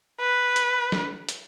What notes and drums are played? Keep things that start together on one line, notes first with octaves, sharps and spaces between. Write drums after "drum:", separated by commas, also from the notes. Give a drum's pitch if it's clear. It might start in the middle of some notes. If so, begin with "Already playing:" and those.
B4
drum: hi-hat
drum: snare
drum: hi-hat